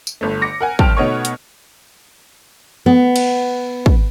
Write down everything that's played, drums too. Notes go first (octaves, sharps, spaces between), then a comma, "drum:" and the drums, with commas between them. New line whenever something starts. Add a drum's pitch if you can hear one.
drum: tambourine
G1 A3
D6 A#6 C#7
A#4 F#5 G#5
F#1 G5 A5 F6 D7, drum: kick
B2 A3 B3 D#4 C#5 C#6
drum: hi-hat
B3
drum: cymbal
drum: kick